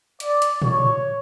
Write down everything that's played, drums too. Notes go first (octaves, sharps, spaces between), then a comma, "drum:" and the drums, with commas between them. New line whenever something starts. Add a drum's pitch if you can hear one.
D5, drum: hi-hat
drum: hi-hat
C#5, drum: tom A2